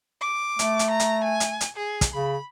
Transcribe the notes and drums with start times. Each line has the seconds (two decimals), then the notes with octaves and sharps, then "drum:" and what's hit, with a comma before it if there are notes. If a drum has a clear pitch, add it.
0.21 D6
0.59 A3, drum: hi-hat
0.79 drum: hi-hat
0.90 A#5
1.00 drum: hi-hat
1.24 G#5
1.40 drum: hi-hat
1.61 drum: hi-hat
1.76 G#4
2.01 drum: kick, hi-hat
2.13 C#3 B5